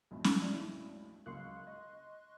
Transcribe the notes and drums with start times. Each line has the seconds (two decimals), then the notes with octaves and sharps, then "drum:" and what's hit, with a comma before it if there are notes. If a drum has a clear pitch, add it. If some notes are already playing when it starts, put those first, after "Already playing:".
0.11 B1 F2 A2
0.24 drum: snare C#4
0.41 G#3 D4 E4
1.26 C#2 F#3 A#3 C6 C#6 F#6
1.67 D#5